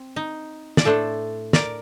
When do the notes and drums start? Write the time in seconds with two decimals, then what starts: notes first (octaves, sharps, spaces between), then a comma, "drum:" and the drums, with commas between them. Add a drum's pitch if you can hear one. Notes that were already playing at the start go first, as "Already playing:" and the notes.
Already playing: C4
0.16 D#4
0.77 D5, drum: snare
0.84 A2 A3 D4 A4 C5
1.53 A#4 D5, drum: snare